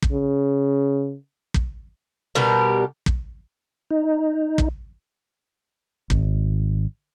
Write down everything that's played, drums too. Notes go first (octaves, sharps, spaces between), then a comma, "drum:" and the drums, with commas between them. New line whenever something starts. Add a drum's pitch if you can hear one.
drum: kick
C#3
drum: kick
B2 G3 G4 A#4
drum: kick
D#4
drum: kick
G#1, drum: kick